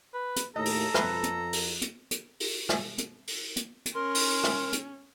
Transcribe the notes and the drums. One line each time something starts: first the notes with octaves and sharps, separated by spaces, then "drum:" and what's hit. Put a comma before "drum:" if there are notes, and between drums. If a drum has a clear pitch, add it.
B4
drum: hi-hat
D#2 A2 A4 D#5 A#5
drum: open hi-hat
F2 B4, drum: rim click
drum: hi-hat
drum: open hi-hat
drum: hi-hat
drum: hi-hat
drum: open hi-hat
drum: rim click
drum: hi-hat
drum: open hi-hat
drum: hi-hat
drum: hi-hat
C#4 A#4 C6
drum: open hi-hat
drum: rim click
drum: hi-hat